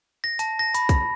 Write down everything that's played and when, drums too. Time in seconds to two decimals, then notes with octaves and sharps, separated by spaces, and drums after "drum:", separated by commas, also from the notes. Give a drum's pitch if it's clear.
0.24 A#6
0.39 A5, drum: hi-hat
0.59 A#6
0.74 B5, drum: hi-hat
0.89 drum: kick, hi-hat